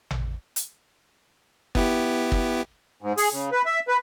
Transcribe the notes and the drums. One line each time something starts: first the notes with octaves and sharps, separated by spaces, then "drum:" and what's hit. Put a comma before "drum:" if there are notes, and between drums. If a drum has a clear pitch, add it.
drum: tom A1
drum: hi-hat
B3 E4 G4, drum: kick
drum: kick
G#2
G#4, drum: open hi-hat
C#3
B4
E5
B4